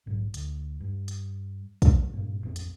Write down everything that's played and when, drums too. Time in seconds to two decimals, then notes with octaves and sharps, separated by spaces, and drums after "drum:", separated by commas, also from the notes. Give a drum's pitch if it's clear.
0.06 A#1 G#2 F#3
0.34 D2, drum: hi-hat
0.80 G2
1.08 drum: hi-hat
1.82 drum: kick, hi-hat
2.13 G#1 G2 A#2
2.44 A1 F2 B3 C#4
2.56 drum: hi-hat